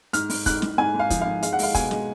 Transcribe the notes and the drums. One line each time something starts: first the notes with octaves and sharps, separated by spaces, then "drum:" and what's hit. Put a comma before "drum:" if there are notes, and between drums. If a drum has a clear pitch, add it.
G#2 F6, drum: hi-hat
G#2, drum: open hi-hat
G#2 F#6, drum: kick, hi-hat
G#2, drum: snare
G#2 G#5
G#2
F5
F3, drum: kick, hi-hat
G#2 F5
G#3 F5, drum: hi-hat
F#5
G#3 F5, drum: open hi-hat
B2 G#5, drum: kick, hi-hat
G#3, drum: snare